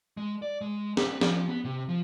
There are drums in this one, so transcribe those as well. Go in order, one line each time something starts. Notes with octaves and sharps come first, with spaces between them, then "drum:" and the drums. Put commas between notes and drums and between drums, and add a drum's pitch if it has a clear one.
G#3
D5
G#3
B4, drum: snare
F3, drum: snare
B3
C3
F3